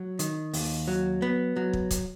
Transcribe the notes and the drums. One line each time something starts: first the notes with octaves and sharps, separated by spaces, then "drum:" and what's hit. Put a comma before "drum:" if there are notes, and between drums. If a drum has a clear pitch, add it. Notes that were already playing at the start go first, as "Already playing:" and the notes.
Already playing: F#3
D#3, drum: hi-hat
D#2, drum: open hi-hat
F#3
B3
F#3
drum: kick
drum: kick, hi-hat